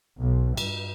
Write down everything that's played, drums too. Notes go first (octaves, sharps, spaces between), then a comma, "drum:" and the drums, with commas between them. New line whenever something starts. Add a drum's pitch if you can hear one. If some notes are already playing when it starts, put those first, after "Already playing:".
B1
G2, drum: cymbal